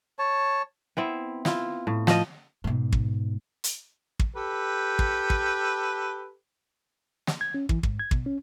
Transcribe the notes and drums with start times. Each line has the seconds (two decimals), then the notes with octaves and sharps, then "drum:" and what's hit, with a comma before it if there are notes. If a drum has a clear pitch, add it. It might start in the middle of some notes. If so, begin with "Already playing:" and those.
0.19 C#5 A5
0.97 B3 C4 E4
1.45 E4 F4, drum: snare
1.87 A2
2.07 F3 D#5, drum: snare
2.64 G#2 B2
2.92 drum: kick
3.64 drum: hi-hat
4.19 drum: kick
4.36 G4 A4 B4
4.99 drum: kick
5.30 drum: kick
7.27 drum: snare
7.41 G#6
7.54 C#4
7.69 E3, drum: kick
7.83 G#2, drum: kick
7.99 G#6
8.11 B2, drum: kick
8.26 C#4